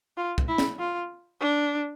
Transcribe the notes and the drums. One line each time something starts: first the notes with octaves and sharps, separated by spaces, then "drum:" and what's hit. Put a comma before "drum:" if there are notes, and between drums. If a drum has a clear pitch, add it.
F4
drum: kick
E4
drum: snare
F4
D4